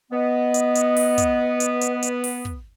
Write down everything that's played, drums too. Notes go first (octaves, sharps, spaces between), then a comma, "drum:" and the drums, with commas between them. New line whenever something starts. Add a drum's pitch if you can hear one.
B3 D#5
drum: hi-hat
drum: hi-hat
drum: open hi-hat
drum: kick, hi-hat
drum: hi-hat
drum: hi-hat
drum: hi-hat
drum: open hi-hat
drum: kick